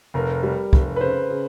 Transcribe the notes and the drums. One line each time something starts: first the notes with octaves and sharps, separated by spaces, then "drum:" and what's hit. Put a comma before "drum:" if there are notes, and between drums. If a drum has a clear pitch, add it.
F1 A#4
G3
F1, drum: kick
B4
C#3 C5
C#3